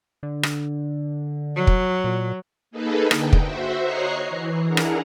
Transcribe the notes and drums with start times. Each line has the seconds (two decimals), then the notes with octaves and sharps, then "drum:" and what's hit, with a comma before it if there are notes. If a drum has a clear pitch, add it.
0.23 D3
0.43 drum: rim click
1.55 F#3
1.67 drum: kick
2.04 A#2
2.71 A#3 D#4 G#4 A4 B4
3.11 D3 G5, drum: rim click
3.33 drum: kick
3.43 F#4 C5 E5
3.80 C#5 D#5 A#5 C#6 F#6 C7
4.27 E3
4.65 D4 E4 G#4 A#4 F#5 A#5
4.77 drum: rim click